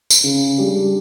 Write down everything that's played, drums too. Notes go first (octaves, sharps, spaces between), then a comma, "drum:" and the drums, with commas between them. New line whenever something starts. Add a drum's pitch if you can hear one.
drum: tambourine
C#3
G3 D4 G4